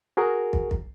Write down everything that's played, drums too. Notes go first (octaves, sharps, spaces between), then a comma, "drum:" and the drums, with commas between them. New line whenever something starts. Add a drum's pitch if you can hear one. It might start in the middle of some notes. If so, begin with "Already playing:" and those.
F#4 G#4 A#4
drum: kick
drum: kick